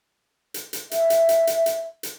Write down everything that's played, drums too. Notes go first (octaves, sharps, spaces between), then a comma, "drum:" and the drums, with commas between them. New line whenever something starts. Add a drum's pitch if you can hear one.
drum: hi-hat
drum: hi-hat
E5, drum: hi-hat
drum: hi-hat
drum: hi-hat
drum: hi-hat
drum: hi-hat
drum: hi-hat